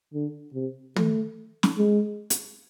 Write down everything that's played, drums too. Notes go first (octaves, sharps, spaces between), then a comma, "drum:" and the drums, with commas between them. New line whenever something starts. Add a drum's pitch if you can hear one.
D3
C3
A3, drum: tom
drum: snare
G#3
drum: hi-hat